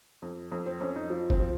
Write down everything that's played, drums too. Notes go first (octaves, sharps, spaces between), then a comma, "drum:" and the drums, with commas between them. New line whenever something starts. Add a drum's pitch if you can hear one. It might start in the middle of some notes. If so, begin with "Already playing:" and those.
F2
F2
C4
F2 C#4
D#4
F3
C4, drum: kick G1
F3